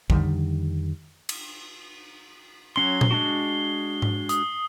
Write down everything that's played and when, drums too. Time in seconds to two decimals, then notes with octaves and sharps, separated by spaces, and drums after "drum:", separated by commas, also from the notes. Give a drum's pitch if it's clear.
0.10 F2 D3 D#3 G3, drum: kick
1.29 drum: cymbal
2.76 F#3 C#4 C6 C7 G7
3.01 drum: tom A#2
3.11 G#3 D4 F#4
4.02 drum: tom G#2
4.29 D#6, drum: hi-hat